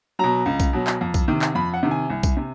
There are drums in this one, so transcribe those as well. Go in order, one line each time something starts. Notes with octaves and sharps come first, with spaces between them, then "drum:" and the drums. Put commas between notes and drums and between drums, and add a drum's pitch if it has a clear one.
B2 F#3 A#5
C#2
drum: kick B1, tambourine
B2 F#3
drum: clap
F2
drum: kick B1, tambourine
C3 D#3
drum: clap
F2 B5
F#5
C3 D#3
G#5
C2
drum: kick B1, tambourine
C3